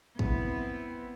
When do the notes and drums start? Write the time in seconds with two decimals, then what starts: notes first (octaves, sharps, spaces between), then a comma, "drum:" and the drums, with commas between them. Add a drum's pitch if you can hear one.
0.19 B3 C4 E4, drum: kick